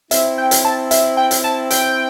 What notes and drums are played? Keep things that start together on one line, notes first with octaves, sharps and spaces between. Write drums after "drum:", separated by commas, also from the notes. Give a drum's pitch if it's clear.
C4 E4 E5, drum: hi-hat
G5
drum: hi-hat
A5
E5, drum: hi-hat
G5
drum: hi-hat
A5
G5, drum: hi-hat